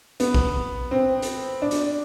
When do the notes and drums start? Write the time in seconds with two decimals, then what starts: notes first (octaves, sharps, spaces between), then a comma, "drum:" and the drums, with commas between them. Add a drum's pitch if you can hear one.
0.20 B3, drum: hi-hat
0.34 drum: kick A#1
0.91 C4
1.22 drum: hi-hat
1.62 D4
1.71 drum: hi-hat